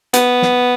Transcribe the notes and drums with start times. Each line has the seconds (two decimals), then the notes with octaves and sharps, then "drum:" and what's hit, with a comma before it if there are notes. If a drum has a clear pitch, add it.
0.14 B3, drum: hi-hat
0.42 drum: snare